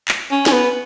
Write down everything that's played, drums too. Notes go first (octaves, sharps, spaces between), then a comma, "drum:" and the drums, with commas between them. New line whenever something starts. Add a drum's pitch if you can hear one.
drum: clap
C#4
C#4, drum: snare
B3